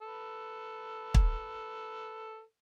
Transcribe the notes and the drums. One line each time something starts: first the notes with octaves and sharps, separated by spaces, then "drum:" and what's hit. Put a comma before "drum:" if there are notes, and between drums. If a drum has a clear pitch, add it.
A4 B4
drum: kick